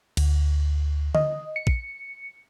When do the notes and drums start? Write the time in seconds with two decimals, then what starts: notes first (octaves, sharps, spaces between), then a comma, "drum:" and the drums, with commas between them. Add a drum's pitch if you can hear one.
0.17 D2, drum: cymbal
1.15 D#5, drum: tom D3
1.56 C#7
1.67 drum: kick